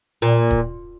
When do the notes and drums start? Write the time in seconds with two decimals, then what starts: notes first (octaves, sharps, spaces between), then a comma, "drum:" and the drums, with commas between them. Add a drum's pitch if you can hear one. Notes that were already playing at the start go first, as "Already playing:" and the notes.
0.22 A#2
0.51 drum: kick